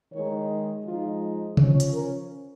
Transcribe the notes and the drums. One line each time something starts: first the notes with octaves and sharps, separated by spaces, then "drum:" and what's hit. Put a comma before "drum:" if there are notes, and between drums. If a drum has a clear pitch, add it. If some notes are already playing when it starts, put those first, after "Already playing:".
D#3 G#3 D#4 C#5
F3 G#3 D#4 F4
F3 C#4 C#5, drum: tom C3
drum: hi-hat
A#4